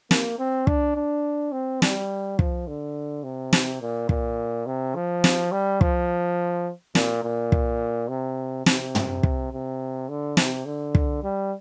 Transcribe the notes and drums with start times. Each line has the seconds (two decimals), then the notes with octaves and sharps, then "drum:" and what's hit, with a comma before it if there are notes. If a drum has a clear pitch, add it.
0.11 A#3, drum: snare
0.39 C4
0.67 D4, drum: kick
0.96 D4
1.52 C4
1.82 G3, drum: snare
2.39 F3, drum: kick
2.68 D3
3.23 C3
3.53 drum: snare
3.81 A#2
4.09 A#2, drum: kick
4.66 C3
4.95 F3
5.24 drum: snare
5.52 G3
5.81 F3, drum: kick
6.95 A#2, drum: snare
7.23 A#2
7.52 drum: kick
8.09 C3
8.66 C3, drum: snare
8.95 drum: tom
9.23 drum: kick
9.52 C3
10.09 D3
10.37 C3, drum: snare
10.66 D3
10.95 drum: kick
11.23 G3